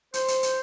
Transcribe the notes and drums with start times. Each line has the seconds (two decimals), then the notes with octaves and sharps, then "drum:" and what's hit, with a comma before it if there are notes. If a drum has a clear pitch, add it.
0.14 C5, drum: hi-hat
0.28 drum: hi-hat
0.43 drum: hi-hat